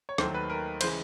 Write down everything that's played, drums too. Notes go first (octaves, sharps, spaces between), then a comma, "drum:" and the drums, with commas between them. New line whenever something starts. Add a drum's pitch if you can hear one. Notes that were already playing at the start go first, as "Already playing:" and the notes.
C#5
D#2 D#3 F#3 A3 C5, drum: rim click
B4
A#4
C#3 E3 G#3 C5, drum: cymbal